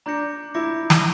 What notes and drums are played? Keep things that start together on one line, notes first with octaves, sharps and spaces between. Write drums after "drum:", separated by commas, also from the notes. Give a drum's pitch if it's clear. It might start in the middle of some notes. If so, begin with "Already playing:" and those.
D4 A#5 D6 G6 A#6 C#7
E4 A#5 D6 G6 A#6 C#7
drum: snare